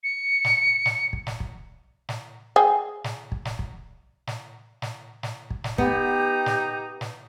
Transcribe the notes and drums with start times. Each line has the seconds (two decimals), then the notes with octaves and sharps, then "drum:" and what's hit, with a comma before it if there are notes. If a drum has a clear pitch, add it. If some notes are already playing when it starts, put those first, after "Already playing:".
0.04 C#7
0.45 drum: snare
0.86 drum: snare
1.13 drum: kick
1.27 drum: snare
1.40 drum: kick
2.09 drum: snare
2.56 G#4 G5
3.04 drum: snare
3.32 drum: kick
3.45 drum: snare
3.59 drum: kick
4.27 drum: snare
4.82 drum: snare
5.23 drum: snare
5.50 drum: kick
5.64 drum: snare
5.78 B3 D#4 G4, drum: kick
6.46 drum: snare
7.01 drum: snare